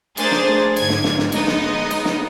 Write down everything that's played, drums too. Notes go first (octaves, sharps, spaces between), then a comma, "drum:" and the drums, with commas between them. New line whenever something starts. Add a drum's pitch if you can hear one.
A3 D4 G#4 A#4 C5 A6, drum: cymbal
drum: snare
G#2 D3 G#6, drum: cymbal
drum: snare
drum: snare
drum: snare
G#3 B3 D#4 D#5, drum: cymbal
drum: snare
drum: cymbal
drum: snare